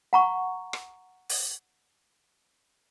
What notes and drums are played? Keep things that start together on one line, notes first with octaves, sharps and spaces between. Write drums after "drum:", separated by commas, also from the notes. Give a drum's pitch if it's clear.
F#5 A#5 C#6
drum: rim click
drum: open hi-hat